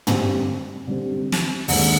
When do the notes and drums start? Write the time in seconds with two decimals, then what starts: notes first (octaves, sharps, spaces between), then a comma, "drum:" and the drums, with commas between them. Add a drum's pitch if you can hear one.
0.07 D3 G3 C4, drum: tom
0.87 D3 G3 C4
1.32 drum: snare
1.68 D#2 D3 G#3, drum: open hi-hat